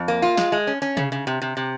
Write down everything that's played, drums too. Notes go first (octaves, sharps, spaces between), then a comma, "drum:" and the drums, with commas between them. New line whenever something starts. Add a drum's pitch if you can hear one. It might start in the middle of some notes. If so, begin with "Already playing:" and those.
Already playing: F2
A#3
F4
G#3, drum: snare
G#3
C#4
C#4
C#3, drum: tom C3
C#3
C3
C3
C3